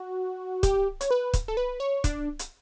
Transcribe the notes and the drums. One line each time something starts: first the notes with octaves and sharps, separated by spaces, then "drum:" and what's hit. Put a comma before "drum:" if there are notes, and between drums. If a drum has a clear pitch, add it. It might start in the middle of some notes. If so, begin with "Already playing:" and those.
Already playing: F#4
G4, drum: kick, hi-hat
C#5, drum: hi-hat
B4
drum: kick, hi-hat
A4
B4
C#5
D4, drum: kick, hi-hat
drum: hi-hat